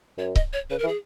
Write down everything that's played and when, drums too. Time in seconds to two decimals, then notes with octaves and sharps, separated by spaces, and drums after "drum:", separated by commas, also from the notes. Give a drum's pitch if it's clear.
0.18 F#2 C#5
0.36 D#5, drum: kick C#1
0.53 C#5
0.70 C#3 B4
0.79 A#4
0.83 E3
0.88 G#4